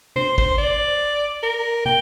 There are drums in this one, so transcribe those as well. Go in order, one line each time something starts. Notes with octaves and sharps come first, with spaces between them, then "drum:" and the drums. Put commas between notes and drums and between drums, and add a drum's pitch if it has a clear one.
C5, drum: tom C3
C5, drum: kick
D5
A#4
G5, drum: tom